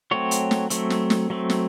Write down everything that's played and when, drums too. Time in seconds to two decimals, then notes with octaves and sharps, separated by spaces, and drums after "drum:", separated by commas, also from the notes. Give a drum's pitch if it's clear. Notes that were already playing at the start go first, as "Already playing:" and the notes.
0.11 F#3 A3 C4 C#5
0.31 drum: hi-hat
0.51 drum: snare
0.70 F#3 A3 C4, drum: hi-hat
0.90 drum: snare
1.10 drum: snare
1.30 F#3 A3 C4
1.50 drum: snare